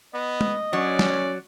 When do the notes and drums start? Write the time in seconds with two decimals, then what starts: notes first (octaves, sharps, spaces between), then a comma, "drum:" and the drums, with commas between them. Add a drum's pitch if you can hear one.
0.14 B3 D#5
0.41 drum: tom
0.73 F#3 C#4 D5
0.99 drum: snare